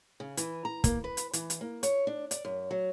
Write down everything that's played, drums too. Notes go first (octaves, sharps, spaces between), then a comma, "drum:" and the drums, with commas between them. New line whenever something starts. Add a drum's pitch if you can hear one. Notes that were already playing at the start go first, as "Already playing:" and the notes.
C#3
E3, drum: hi-hat
A#5
A#3, drum: kick, hi-hat
B4
drum: hi-hat
E3, drum: hi-hat
drum: hi-hat
A#3
C#5, drum: hi-hat
D4
D5, drum: hi-hat
F#2
F#3